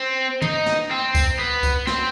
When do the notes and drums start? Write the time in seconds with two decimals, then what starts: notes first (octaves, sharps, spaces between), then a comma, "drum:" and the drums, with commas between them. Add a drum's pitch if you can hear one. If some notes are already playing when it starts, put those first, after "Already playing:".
Already playing: C4
0.42 D#4, drum: tom
0.66 drum: snare
0.91 C4
1.15 drum: kick C#2, tambourine
1.39 B3
1.63 drum: kick C#2, tambourine
1.87 C4, drum: snare